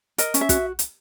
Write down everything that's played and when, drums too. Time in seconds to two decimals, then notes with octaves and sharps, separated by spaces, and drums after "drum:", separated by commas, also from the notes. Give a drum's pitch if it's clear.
0.18 A#4 D#5, drum: hi-hat
0.34 C#4, drum: hi-hat
0.41 E5
0.49 F#4, drum: kick, hi-hat
0.79 drum: hi-hat